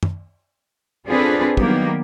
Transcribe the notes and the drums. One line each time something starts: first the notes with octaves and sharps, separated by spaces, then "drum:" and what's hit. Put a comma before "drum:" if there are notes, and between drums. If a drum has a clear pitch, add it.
drum: tom
C4 D4 F4 G#4 A4 B4
D#3 F#3 G3 A#3 B3 G4, drum: kick